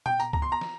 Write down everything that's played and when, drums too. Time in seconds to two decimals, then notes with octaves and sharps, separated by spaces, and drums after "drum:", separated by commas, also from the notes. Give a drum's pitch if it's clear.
0.06 G5, drum: tom A#2
0.20 A#5, drum: tambourine
0.33 A#5, drum: kick
0.42 C6
0.52 A#5
0.61 drum: snare